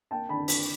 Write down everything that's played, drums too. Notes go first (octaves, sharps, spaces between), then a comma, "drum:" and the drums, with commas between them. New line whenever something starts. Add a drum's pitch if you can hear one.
A#3 G5 A5
D3 A5 B5
D3, drum: open hi-hat